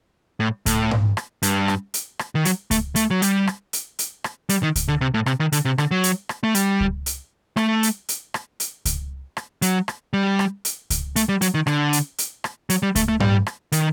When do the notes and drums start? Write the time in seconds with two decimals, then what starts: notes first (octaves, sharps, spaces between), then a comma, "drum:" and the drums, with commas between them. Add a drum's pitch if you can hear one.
0.40 A2
0.66 A2, drum: kick C#2, hi-hat
0.91 drum: tom G#2
1.17 drum: rim click
1.43 G2, drum: hi-hat
1.68 drum: rim click
1.94 drum: hi-hat
2.19 drum: rim click
2.35 D#3
2.45 F#3, drum: hi-hat
2.71 A3, drum: kick C#2, hi-hat
2.96 A3, drum: hi-hat
3.10 F#3
3.22 G3, drum: hi-hat
3.47 drum: rim click
3.73 drum: hi-hat
3.99 drum: hi-hat
4.24 drum: rim click
4.49 G3, drum: hi-hat
4.63 D#3
4.76 drum: kick C#2, hi-hat
4.88 D3
5.01 C3
5.14 A2
5.26 C3, drum: rim click
5.40 D#3
5.52 D3, drum: hi-hat
5.65 C3
5.78 D3, drum: rim click
5.91 F#3
6.04 drum: hi-hat
6.29 drum: rim click
6.44 A3
6.55 G3, drum: hi-hat
6.80 drum: kick C#2
7.06 drum: hi-hat
7.57 A3, drum: rim click
7.83 drum: hi-hat
8.09 drum: hi-hat
8.34 drum: rim click
8.60 drum: hi-hat
8.85 drum: kick C#2, hi-hat
9.37 drum: rim click
9.62 F#3, drum: hi-hat
9.88 drum: rim click
10.13 G3
10.39 drum: rim click
10.65 drum: hi-hat
10.90 drum: kick C#2, hi-hat
11.16 A3, drum: hi-hat
11.29 G3
11.41 F#3, drum: hi-hat
11.54 D#3
11.67 D3, drum: rim click
11.93 drum: hi-hat
12.18 drum: hi-hat
12.44 drum: rim click
12.70 F#3, drum: hi-hat
12.83 G3
12.96 A3, drum: kick C#2, hi-hat
13.08 A3
13.20 G3, drum: tom G#2
13.47 drum: rim click
13.72 D#3, drum: hi-hat